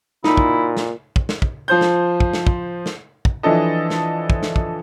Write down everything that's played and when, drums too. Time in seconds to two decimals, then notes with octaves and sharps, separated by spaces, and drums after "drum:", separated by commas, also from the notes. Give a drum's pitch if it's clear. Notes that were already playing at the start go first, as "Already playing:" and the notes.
0.24 A#2 D#4 E4, drum: snare
0.37 drum: kick
0.77 drum: snare
1.16 drum: kick
1.29 drum: snare
1.42 drum: kick
1.68 F3 C5 G6
1.81 drum: snare
2.20 drum: kick
2.34 drum: snare
2.47 drum: kick
2.86 drum: snare
3.25 drum: kick
3.43 E3 F3 D4 E4 A4 D#5
3.90 drum: snare
4.30 drum: kick
4.43 drum: snare
4.56 drum: kick